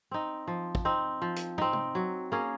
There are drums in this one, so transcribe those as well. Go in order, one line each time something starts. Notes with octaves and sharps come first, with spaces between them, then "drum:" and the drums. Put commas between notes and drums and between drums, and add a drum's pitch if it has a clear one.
C4 D#4
F3
drum: kick
C4 D#4
F3
drum: hi-hat
C4 D#4, drum: tom
drum: tom C3
F#3
A#3 C#4 G#4